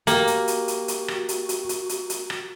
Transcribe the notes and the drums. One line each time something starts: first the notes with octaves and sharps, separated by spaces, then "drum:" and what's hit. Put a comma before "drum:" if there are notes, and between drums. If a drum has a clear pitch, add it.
A#3 F#4 G4, drum: hi-hat
drum: hi-hat
drum: hi-hat
drum: hi-hat
drum: hi-hat
drum: rim click
drum: hi-hat
drum: hi-hat
drum: hi-hat
drum: hi-hat
drum: hi-hat
drum: rim click